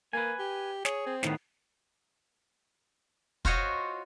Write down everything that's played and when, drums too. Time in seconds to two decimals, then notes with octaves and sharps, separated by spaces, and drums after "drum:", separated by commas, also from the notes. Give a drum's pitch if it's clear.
0.13 A#3 B4 G#5
0.39 G4
0.85 G#4 C#5, drum: snare
1.06 C4
1.23 A2 D#3 B3, drum: snare
3.45 F4 F#4 C5 C#5 D#5, drum: kick